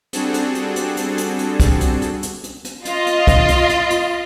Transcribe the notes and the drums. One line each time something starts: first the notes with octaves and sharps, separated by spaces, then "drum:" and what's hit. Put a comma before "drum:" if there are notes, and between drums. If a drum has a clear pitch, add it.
G3 C4 D4 F#4 G#4 A4, drum: hi-hat
drum: hi-hat
drum: hi-hat
drum: hi-hat
drum: hi-hat
drum: hi-hat
drum: hi-hat
drum: kick, hi-hat
drum: hi-hat
drum: hi-hat
drum: hi-hat
drum: hi-hat
drum: hi-hat
F4 D#5, drum: hi-hat
drum: hi-hat
drum: kick, hi-hat
drum: hi-hat
drum: hi-hat
drum: hi-hat